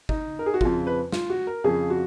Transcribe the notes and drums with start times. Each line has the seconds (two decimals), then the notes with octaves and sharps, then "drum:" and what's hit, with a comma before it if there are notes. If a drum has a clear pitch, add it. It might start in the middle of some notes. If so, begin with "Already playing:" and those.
0.09 D#4, drum: kick
0.39 A#4
0.46 G#4
0.54 F#4
0.61 F2 C#3 F3 F4, drum: kick
0.87 B4
1.12 F4, drum: snare
1.30 F#4
1.47 A#4
1.64 F2 C#3 F3 G#4
1.90 F#4